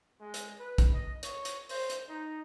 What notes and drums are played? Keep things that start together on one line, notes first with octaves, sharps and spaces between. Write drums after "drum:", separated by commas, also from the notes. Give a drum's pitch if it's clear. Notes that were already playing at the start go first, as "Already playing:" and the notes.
G#3
drum: hi-hat
B4
drum: kick, hi-hat
D#5
C#5, drum: hi-hat
drum: hi-hat
C5, drum: open hi-hat
drum: hi-hat
D#4